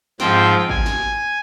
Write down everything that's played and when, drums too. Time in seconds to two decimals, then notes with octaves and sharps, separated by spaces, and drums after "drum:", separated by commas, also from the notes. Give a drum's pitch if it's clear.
0.20 G#2 F3 C4 G5, drum: snare
0.69 G#5, drum: kick G#1
0.86 drum: snare